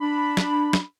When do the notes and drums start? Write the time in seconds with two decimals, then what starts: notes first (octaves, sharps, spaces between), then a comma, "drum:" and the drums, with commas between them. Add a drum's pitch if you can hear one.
0.01 D4 B5
0.37 drum: snare
0.73 drum: snare